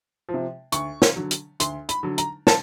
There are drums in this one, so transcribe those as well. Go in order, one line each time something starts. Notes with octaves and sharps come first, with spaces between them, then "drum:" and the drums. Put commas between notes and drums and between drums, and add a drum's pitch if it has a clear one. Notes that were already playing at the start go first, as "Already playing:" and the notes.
F3
C3
D2 C#6, drum: hi-hat
drum: snare
D3 F#3
drum: hi-hat
D2 C6, drum: hi-hat
B5, drum: hi-hat
D3 F#3
A#5, drum: hi-hat
A5, drum: snare